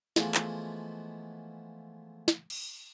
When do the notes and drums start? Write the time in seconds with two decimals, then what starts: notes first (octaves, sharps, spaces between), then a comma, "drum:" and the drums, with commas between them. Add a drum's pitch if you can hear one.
0.16 E3 F3 G#3 A3 B3, drum: snare
0.35 drum: clap
2.28 drum: snare
2.50 drum: cymbal